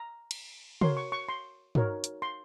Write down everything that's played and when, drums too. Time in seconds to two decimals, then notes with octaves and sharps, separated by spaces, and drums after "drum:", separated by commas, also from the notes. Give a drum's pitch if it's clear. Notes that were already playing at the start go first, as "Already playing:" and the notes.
Already playing: A#5
0.31 drum: cymbal
0.81 F#4 A#4 C#5 C6, drum: tom
0.97 C#6
1.12 C#6
1.29 C6
1.75 D#4 F#4 A#4 C#5, drum: tom
2.04 drum: hi-hat
2.22 C6